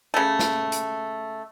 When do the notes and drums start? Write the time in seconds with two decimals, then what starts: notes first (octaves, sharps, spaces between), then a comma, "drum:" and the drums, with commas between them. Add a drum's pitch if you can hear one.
0.14 C#3 A3
0.39 drum: snare
0.72 drum: hi-hat